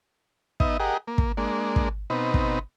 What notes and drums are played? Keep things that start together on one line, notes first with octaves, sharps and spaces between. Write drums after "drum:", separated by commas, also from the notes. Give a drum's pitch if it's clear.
B3 D#4 D#5 E5, drum: kick
G4 G#4 A#4 D#5 F#5
A#3
drum: kick
G#3 A#3 D4
drum: kick
B2 C4 D#4 B4
drum: kick